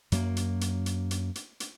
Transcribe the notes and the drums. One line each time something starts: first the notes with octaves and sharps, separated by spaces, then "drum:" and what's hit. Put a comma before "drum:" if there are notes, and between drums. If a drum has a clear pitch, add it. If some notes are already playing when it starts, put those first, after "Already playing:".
F#2 F#3 A#3, drum: hi-hat
drum: hi-hat
drum: hi-hat
drum: hi-hat
drum: hi-hat
drum: hi-hat
drum: hi-hat